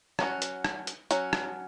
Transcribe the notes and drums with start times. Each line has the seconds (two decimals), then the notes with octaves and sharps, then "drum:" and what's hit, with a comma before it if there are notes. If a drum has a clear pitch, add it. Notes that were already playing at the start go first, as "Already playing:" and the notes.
0.19 F#3 C#4 F#4, drum: rim click
0.42 drum: hi-hat
0.65 drum: rim click
0.87 drum: hi-hat
1.11 F#3 C#4 F#4, drum: hi-hat
1.33 drum: rim click